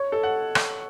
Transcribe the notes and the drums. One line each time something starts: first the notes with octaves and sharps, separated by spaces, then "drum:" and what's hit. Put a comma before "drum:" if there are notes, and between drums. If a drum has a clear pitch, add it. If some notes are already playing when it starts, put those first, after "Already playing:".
Already playing: C#5
A4
F#5
drum: rim click